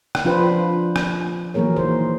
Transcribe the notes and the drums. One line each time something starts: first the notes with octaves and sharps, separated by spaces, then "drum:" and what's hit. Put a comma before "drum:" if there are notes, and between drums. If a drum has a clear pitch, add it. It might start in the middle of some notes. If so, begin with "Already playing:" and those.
drum: rim click
F3 D4 F4 B4 C5
drum: rim click
E3 F#3 A#3 G#4 A#4 C#5
D#3 C5